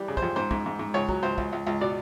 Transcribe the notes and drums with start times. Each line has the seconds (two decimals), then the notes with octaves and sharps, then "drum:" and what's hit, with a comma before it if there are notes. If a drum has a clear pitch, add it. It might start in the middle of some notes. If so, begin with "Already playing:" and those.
Already playing: E3 G3
0.08 C#3
0.17 C5, drum: kick
0.22 F2
0.36 G#2 C5
0.51 G#2, drum: kick
0.66 G#2
0.79 G#2
0.94 C#2 C#5
1.09 F#3, drum: kick
1.23 C#2 C5
1.38 C#2, drum: kick
1.53 C#2
1.67 C#2
1.81 B2 D5